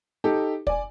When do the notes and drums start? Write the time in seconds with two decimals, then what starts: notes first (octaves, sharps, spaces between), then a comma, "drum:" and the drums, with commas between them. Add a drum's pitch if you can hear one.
0.24 D#4 G4 A4
0.67 D5 G#5, drum: kick